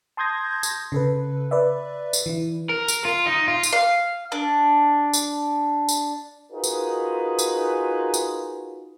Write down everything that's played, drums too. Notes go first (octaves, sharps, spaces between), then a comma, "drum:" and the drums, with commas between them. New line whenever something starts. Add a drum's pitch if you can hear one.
A5 C6 D#6 G6 G#6 A#6
drum: tambourine
C#3 A4 B4
B4 D5 E5
drum: tambourine
E3 E4
A#4
drum: tambourine
F4
D#4
F4
drum: tambourine
F5
D4
drum: tambourine
drum: tambourine
D#4 F4 F#4 G#4 A#4 B4
drum: tambourine
drum: tambourine
drum: tambourine